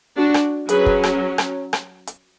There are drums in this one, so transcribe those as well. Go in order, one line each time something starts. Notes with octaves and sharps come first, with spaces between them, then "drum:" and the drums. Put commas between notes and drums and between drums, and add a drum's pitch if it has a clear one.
D4 F#4
drum: rim click
F#3 C#4 G#4 B4, drum: hi-hat
drum: kick
drum: rim click
drum: rim click
drum: rim click
drum: hi-hat